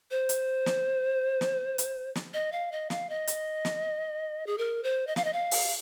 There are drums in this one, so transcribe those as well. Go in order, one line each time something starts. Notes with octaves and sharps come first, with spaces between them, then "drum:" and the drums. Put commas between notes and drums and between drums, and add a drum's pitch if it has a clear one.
C5
drum: hi-hat
drum: snare
drum: snare
drum: hi-hat
drum: snare
D#5
F5
D#5
F5, drum: snare
D#5
drum: hi-hat
drum: snare
G#4
A#4
C5
D#5
F5, drum: snare
D#5
F5
drum: open hi-hat